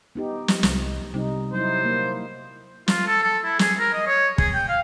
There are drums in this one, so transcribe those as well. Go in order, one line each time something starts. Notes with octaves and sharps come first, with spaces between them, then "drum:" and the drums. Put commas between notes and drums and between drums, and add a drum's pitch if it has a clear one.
B3 D#4 G4
drum: snare
C2, drum: snare
C3 G3 D#4
F#3 D#4 E4 C5
A#3
F4, drum: snare
A4
A4
E4
G#4, drum: snare
A#4
D#5
C#5
G#4, drum: kick
G5
F5